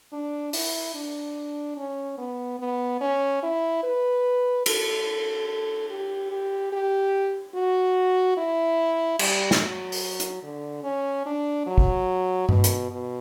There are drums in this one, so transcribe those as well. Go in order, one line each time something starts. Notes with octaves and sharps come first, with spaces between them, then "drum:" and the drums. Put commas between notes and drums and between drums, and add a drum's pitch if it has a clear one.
D4
E4, drum: open hi-hat
D4
C#4
B3
B3
C#4
E4
B4
A4, drum: cymbal
A4
G4
G4
G4
F#4
E4
G3, drum: cymbal
drum: snare
F#3
drum: open hi-hat
drum: hi-hat
D3
C#4
D4
F#3
drum: kick
B2, drum: tom G2
drum: hi-hat
B2